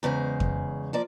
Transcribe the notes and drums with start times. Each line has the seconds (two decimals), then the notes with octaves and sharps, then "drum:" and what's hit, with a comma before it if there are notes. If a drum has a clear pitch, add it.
0.03 E2 C#3 G#3 C5
0.40 drum: kick F2
0.93 F3 A#3 D5